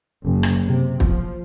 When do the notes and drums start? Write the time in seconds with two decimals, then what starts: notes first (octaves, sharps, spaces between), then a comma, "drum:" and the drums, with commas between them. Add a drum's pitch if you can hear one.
0.24 F#1
0.43 drum: rim click
0.65 C3
1.00 F3, drum: kick